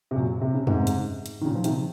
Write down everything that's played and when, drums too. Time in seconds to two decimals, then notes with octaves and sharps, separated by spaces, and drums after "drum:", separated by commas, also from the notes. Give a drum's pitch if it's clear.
0.11 C3
0.16 F#2 A#2
0.42 C3
0.54 C#3
0.67 G#2 C3, drum: tom F2
0.87 drum: hi-hat
1.26 drum: hi-hat
1.41 D#3
1.45 A#2 C#3
1.55 F3
1.64 C3 D#3, drum: hi-hat